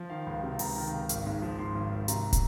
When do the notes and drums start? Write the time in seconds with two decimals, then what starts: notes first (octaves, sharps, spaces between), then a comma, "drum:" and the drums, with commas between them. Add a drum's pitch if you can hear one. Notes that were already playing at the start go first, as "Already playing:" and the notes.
Already playing: F3
0.10 D#3 F5
0.26 C#2
0.43 C3
0.59 C#2 A#5, drum: open hi-hat
0.76 D#3
0.92 C#2
1.09 G#1, drum: hi-hat
1.26 G#2
1.42 F3
1.58 G#2 C6
1.75 G#1
1.91 G#1
2.08 C3 A#5, drum: hi-hat
2.33 drum: kick, hi-hat